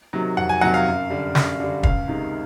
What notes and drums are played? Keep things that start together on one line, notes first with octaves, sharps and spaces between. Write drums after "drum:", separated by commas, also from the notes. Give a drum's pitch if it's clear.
C3 D#3 F#3
F2 F#5
G#5
C3 D#3 F#3 F#5
F5
F#2
D3 G3
F#2, drum: snare
D3 G3
C#2 F5, drum: kick
C3 D#3 G#3